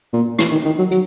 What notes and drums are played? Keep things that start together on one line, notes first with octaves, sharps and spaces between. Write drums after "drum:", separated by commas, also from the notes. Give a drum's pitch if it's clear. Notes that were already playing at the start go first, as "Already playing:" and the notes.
A#2
E3, drum: rim click
D#3
D#3
F#3
F#3, drum: hi-hat